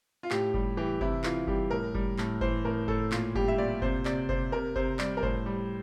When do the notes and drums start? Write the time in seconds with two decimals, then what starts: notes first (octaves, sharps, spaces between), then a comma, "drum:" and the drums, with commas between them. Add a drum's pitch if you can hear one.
0.23 F4
0.31 A2 G4, drum: clap
0.54 G3, drum: kick F#1
0.77 E3 G4
1.01 C3 E4, drum: kick F#1
1.24 E3 F4, drum: clap
1.47 G3 G4, drum: kick F#1
1.71 A2 A#4
1.95 G3, drum: kick F#1
2.18 A2, drum: clap
2.41 E3 C5, drum: kick F#1
2.65 A2 A#4
2.88 A2 A4, drum: kick F#1
3.12 A#2 F4, drum: clap
3.35 G3 G4, drum: kick F#1
3.48 E5
3.58 A#2 D5
3.82 C3 C5, drum: kick F#1
4.05 C3 D5, drum: clap
4.29 C3 C5, drum: kick F#1
4.52 C3 A#4
4.76 C3 C5, drum: kick F#1
4.99 G3 D5, drum: clap
5.17 A#4
5.23 A2 C5, drum: kick F#1
5.46 G3